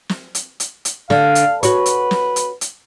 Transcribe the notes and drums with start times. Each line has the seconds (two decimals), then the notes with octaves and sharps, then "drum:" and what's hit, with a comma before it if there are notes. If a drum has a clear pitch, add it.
0.09 drum: snare
0.35 drum: hi-hat
0.60 drum: hi-hat
0.85 drum: hi-hat
1.10 D3 F5, drum: snare
1.35 drum: hi-hat
1.63 F#4 B4 C#5, drum: hi-hat
1.86 drum: hi-hat
2.11 drum: snare
2.36 drum: hi-hat
2.61 drum: hi-hat